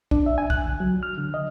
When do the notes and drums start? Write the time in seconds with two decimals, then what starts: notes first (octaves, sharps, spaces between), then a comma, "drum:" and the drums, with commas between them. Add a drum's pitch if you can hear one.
0.11 D4, drum: kick
0.26 E5
0.38 G#5
0.50 F#6, drum: kick
0.66 D2
0.80 F#3
1.03 F6
1.18 D3
1.34 D#5